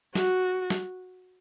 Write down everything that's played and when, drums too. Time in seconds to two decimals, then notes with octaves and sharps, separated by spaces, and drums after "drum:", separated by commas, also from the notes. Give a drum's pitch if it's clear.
0.15 F#4, drum: snare
0.70 drum: snare